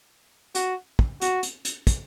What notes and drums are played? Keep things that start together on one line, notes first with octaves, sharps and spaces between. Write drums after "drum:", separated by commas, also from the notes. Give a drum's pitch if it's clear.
F#4, drum: hi-hat
drum: kick
F#4, drum: hi-hat
drum: hi-hat
drum: hi-hat
drum: kick, hi-hat